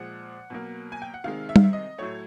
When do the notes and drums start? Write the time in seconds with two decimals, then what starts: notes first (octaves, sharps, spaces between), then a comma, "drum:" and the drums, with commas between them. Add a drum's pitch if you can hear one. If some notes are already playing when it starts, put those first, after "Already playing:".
Already playing: A#2 F3 G#3 F#5
0.50 B2 F#3 A#3
0.92 G#5
1.02 G5
1.14 F#5
1.24 C3 D#3 G#3 F5
1.49 E5
1.56 F5, drum: tom G3
1.63 E5
1.73 D#5
1.98 A2 F#3 A3 C#5